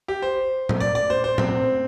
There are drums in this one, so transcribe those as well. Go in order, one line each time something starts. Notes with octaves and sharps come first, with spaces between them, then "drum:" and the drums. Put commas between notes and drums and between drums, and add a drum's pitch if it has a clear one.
G4
C5
drum: tom A#2
D5
D5
C5
C5
C4, drum: tom A#2